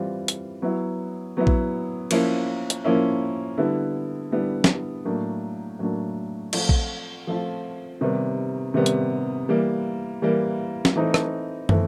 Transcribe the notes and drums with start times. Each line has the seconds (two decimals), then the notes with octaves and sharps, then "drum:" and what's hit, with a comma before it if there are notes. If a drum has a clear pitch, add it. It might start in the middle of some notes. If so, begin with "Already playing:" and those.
Already playing: E3 G3 C4 F4
0.28 drum: hi-hat
0.62 F#3 B3 E4
1.37 F#3 B3 E4
1.47 drum: kick A#1
2.11 F3 A#3 C#4 E4, drum: cymbal
2.70 drum: hi-hat
2.84 F3 A#3 C#4 E4
3.58 D3 G3 B3 E4
4.32 D3 G3 B3 E4
4.64 drum: snare
5.05 A2 F#3 A#3 D4
5.79 A2 F#3 A#3 D4
6.53 F3 A3 C4 F4, drum: cymbal
6.69 drum: kick A#1
7.27 F3 A3 C4 F4
8.01 C3 D#3 G3 B3
8.74 C3 D#3 G3 B3
8.86 drum: hi-hat
9.49 E3 G3 A#3
10.22 E3 G3 A#3
10.85 drum: snare
10.96 E3 A3 C4 D#4
11.14 drum: rim click
11.69 E3 A3 C4, drum: tom